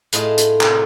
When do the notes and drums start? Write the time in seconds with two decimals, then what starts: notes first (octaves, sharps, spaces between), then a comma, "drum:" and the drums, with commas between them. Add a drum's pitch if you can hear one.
0.13 A2 F4 G#4 D#5 A5, drum: hi-hat
0.38 drum: hi-hat
0.61 C3 D5, drum: clap